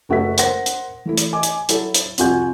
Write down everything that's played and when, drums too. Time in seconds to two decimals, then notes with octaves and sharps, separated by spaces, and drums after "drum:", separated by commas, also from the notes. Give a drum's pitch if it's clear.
0.09 F#1 A3 F#4 B4 E5 B6
0.38 A#4 C5 F#5 A#6, drum: hi-hat
0.66 drum: hi-hat
1.05 E3 A3 E4
1.17 drum: hi-hat
1.33 D#5 G#5 D6
1.43 drum: hi-hat
1.69 F#3 E4 A4, drum: hi-hat
1.94 drum: hi-hat
2.18 C2 F2 F4 F#4 G#5 G6, drum: hi-hat